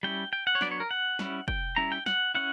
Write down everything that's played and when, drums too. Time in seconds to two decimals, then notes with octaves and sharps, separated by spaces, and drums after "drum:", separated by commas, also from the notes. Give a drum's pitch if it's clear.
0.03 G3 C#4 E4 G5
0.33 G5
0.47 F#5
0.55 C#5
0.61 F#3 B3 D4 D5, drum: snare
0.71 C#5
0.80 A#4
0.91 F#5
1.19 G3 C#4 E4, drum: snare
1.48 G5, drum: kick
1.76 G3 C#4 E4 A#5
1.92 G5
2.06 F#5, drum: snare
2.34 C#4 E4 F#5